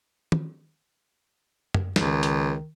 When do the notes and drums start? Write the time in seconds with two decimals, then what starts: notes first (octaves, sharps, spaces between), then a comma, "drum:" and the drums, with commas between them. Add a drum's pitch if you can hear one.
0.32 drum: tom
1.74 drum: tom
1.96 C#2 D#3, drum: snare
2.23 drum: hi-hat